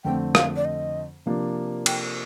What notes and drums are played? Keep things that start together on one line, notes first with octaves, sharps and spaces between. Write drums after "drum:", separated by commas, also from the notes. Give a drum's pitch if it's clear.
F2 D3 A3 C4 G5
F5, drum: rim click
D5
D#5
C3 F3 A#3 D4
G5, drum: cymbal